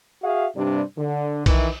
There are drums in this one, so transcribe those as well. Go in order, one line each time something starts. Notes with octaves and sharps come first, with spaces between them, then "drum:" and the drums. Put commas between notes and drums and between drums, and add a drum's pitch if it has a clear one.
F#4 G#4 E5 F5
G2 C3 G3 D4
D3
D#3 E3 E4, drum: kick B1, cymbal